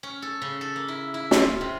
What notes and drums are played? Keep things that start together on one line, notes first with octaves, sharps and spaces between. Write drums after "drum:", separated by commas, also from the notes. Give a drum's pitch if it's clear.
C#4
A4
C#3
A4
A#3
E4
E4
drum: snare
F4
C3